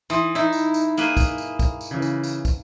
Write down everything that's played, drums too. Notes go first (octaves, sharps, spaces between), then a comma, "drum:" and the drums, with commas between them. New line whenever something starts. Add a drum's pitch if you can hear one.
E3 C6 D#6, drum: tambourine
D#4 E4
drum: tambourine
drum: tambourine
A#3 G#4 B4, drum: tambourine
drum: kick, tambourine
drum: tambourine
drum: kick, tambourine
drum: tambourine
C#3 E3
drum: tambourine
drum: tambourine
drum: kick, tambourine